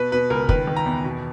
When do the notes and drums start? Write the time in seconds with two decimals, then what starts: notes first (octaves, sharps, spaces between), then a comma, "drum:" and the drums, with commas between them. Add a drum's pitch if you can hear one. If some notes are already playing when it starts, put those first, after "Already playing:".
Already playing: B2 B4
0.12 B2 B4
0.30 C#2 A#4
0.49 D#3 B4, drum: kick
0.67 D#3
0.76 A#5
0.86 E2
1.04 B2